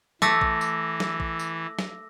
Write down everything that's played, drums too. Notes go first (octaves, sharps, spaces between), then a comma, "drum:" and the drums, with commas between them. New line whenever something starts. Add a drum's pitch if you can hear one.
E3 A3 D6 E6 A#6, drum: snare
drum: kick A1
drum: tambourine
drum: snare
drum: kick A1
drum: tambourine
drum: snare